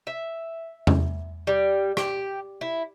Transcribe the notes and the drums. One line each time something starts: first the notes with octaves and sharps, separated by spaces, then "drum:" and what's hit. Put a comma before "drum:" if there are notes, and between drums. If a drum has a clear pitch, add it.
E5
drum: tom E2
G3
G4, drum: rim click
E4